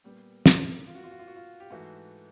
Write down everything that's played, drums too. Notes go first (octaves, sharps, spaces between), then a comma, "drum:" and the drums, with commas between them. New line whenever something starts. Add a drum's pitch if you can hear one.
A#2 G3 B3
drum: snare
F4
F#4
F4
F#4
F4
F#4
F4
G4
G#2 E3 A3 F#4